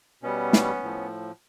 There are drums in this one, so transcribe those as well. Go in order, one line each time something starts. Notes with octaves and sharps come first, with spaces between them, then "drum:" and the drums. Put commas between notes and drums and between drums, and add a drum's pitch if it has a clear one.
B2 G3 B3 C#4
drum: snare
A2 F3